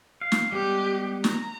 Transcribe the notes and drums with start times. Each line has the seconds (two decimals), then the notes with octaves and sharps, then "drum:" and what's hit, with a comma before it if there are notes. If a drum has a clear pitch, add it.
0.21 F5
0.32 drum: snare
0.52 G3 G#3 B3 G4
1.24 A#5, drum: snare